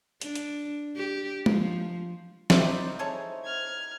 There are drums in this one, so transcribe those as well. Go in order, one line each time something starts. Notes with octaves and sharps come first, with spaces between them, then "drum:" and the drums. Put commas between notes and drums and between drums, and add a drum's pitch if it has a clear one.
D4, drum: hi-hat
drum: hi-hat
G4
F3, drum: tom G#3
D#4 E4 C5 D5 E5, drum: snare
G#4 A4 C#5
F6 G#6